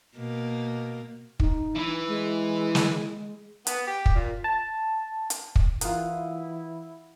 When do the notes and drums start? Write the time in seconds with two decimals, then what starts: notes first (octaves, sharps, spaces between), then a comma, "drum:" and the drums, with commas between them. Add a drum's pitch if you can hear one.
0.17 B2 A#3
1.40 D#4, drum: kick
1.75 E3 E4
2.08 G#3
2.75 drum: snare
3.67 B3, drum: hi-hat
3.87 G4
4.06 drum: kick
4.16 A#2
4.44 A5
5.30 drum: hi-hat
5.56 drum: kick
5.81 E3 E4 F4 G#4 A#4 F5 F#5 D#6, drum: hi-hat